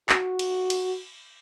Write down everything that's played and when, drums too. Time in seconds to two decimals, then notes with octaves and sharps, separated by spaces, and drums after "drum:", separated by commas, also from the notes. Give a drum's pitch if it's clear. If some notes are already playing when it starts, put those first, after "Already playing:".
0.09 F#4, drum: clap
0.39 drum: cymbal
0.70 drum: cymbal